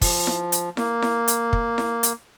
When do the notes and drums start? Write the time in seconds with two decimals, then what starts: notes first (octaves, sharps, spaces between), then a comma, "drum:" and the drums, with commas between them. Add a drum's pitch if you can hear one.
0.01 F3, drum: kick, open hi-hat
0.27 drum: snare E4
0.52 drum: hi-hat
0.77 A#3, drum: snare E4
1.02 drum: snare E4
1.28 drum: hi-hat
1.53 drum: kick
1.78 drum: snare E4
2.03 drum: hi-hat